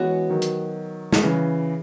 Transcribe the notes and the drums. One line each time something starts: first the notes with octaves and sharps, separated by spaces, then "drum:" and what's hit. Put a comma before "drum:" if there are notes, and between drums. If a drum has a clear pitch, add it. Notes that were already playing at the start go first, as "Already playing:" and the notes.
Already playing: E3 G#3 B3 F#4 C#5
D#3 F#3
drum: hi-hat
drum: snare
C#3 E3